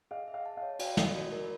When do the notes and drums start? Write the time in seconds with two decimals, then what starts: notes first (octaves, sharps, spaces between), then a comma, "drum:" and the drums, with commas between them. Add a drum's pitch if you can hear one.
0.11 G#4 D#5 F5
0.28 E5
0.34 D#5 F5
0.46 A5
0.57 D#5 F5
0.62 C#5
0.79 F#4 F5 G5, drum: cymbal
0.97 D#5, drum: snare
1.15 F#4
1.32 A#4